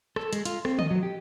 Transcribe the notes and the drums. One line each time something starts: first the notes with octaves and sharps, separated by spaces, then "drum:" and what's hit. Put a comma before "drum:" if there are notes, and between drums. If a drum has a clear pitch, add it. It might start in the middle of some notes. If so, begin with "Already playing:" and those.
A4, drum: rim click
G#3, drum: hi-hat
F4, drum: hi-hat
C4, drum: rim click
D#5, drum: tom D3
F#3
G4